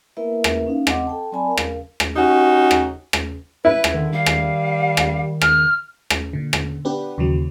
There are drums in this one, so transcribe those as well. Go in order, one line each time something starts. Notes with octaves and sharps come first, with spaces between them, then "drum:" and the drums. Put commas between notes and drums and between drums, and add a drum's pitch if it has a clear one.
A#3 B3 E4 A#4 B4 E5
drum: rim click
C#4 D#4 F5
C4 D#5 F#5 D6, drum: rim click
A4 G5 A5
F#3 C4 D5 G#5 A5 B5
A#4 F5
drum: rim click
drum: rim click
C#4 D#4 F#4 G4
drum: rim click
drum: rim click
E4 B4
drum: rim click
D3 D#3
G3 F5
drum: rim click
drum: rim click
F6, drum: rim click
drum: rim click
A#2 D3
drum: rim click
B3 D4 G4 B4
D#2 C#3 E3 F#3